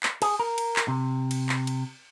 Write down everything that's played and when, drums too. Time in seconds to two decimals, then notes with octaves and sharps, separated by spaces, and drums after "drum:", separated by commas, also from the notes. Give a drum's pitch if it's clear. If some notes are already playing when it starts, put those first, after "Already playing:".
0.03 drum: clap
0.22 G#4, drum: cymbal
0.40 A#4
0.58 drum: cymbal
0.76 drum: clap
0.88 C3
1.31 drum: cymbal
1.49 drum: clap
1.67 drum: cymbal